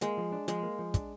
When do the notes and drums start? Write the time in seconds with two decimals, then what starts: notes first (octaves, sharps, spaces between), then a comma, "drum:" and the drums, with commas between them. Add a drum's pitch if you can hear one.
0.01 G#3 A#3, drum: hi-hat
0.17 F3
0.32 D4
0.48 F3 G#3, drum: hi-hat
0.63 A#3
0.79 F3
0.94 D4, drum: kick, hi-hat